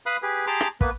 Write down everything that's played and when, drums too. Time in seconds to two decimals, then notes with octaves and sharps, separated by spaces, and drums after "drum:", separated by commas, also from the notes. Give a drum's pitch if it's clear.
0.06 B4 F5 B5 D#6 F#6
0.22 G4 G#4 B4
0.47 G4 G#4 A5 A#5 C6 D6
0.60 drum: rim click
0.81 A#3 B3 B4, drum: kick